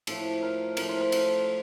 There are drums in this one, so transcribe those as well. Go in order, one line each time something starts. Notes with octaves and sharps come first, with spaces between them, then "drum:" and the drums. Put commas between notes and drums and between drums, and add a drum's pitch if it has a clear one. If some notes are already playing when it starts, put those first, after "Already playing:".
A2 F3 A4, drum: cymbal
A#4
A2 F3 A#4, drum: cymbal
C5
A#4
A4, drum: cymbal